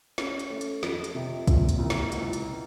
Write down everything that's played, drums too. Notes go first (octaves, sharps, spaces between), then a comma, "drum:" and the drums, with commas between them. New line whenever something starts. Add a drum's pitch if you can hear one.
C#4, drum: snare
drum: hi-hat
A3
drum: hi-hat
F2, drum: snare
drum: hi-hat
C3
A#2, drum: kick, hi-hat
drum: hi-hat
C2
drum: snare
C#2, drum: hi-hat
drum: hi-hat